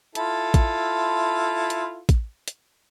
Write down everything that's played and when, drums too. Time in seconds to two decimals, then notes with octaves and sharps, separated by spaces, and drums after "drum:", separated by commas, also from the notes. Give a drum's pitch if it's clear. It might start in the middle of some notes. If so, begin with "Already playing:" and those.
0.15 E4 F4 A4, drum: hi-hat
0.54 drum: kick, hi-hat
1.70 drum: hi-hat
2.09 drum: kick, hi-hat
2.48 drum: hi-hat